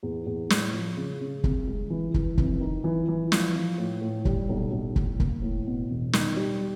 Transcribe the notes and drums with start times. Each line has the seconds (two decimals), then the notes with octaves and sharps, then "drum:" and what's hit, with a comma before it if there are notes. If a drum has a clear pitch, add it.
0.03 E2
0.26 E2
0.50 A2, drum: snare
0.73 F3
0.97 C#3
1.21 C#3
1.44 C2, drum: kick
1.67 G#3
1.90 E3
2.14 E3, drum: kick
2.38 F1, drum: kick
2.61 D#3
2.84 E3
3.08 E3
3.32 F3, drum: snare
3.55 F3
3.78 A2
4.02 A2
4.25 G3, drum: kick
4.49 B1
4.72 B1
4.96 A2, drum: kick
5.20 A#3, drum: kick
5.42 A2
5.67 B2
5.90 E1
6.13 D#3, drum: snare
6.36 G3